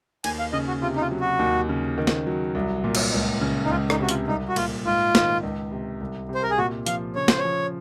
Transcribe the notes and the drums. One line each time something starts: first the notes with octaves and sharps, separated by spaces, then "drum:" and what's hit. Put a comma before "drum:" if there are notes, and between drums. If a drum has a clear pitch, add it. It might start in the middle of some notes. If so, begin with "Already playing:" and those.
D#2 G#5, drum: cymbal
F5
C#3 D#5
F#4
C3 F4
D#4
F4
F#3
F#4
D#2
C#3
D#3
drum: snare
F#3
C2
A#2
drum: cymbal
C#2
C#3
D#4
C#2 F4
D#4, drum: rim click
C3 F#4
F4, drum: hi-hat
C2 D#4
F#4
A#2 F4, drum: cymbal
G#2 F4
D#3, drum: snare
C#2
C3
C2
C3
C5
A#4
G#4
A#2 F#4
F3 F5, drum: hi-hat
C#3 C#5
C5, drum: snare
C#5
F3